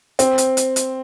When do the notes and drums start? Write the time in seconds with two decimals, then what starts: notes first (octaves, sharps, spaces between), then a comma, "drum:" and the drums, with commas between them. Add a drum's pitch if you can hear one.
0.19 C4, drum: hi-hat
0.38 drum: hi-hat
0.57 drum: hi-hat
0.76 drum: hi-hat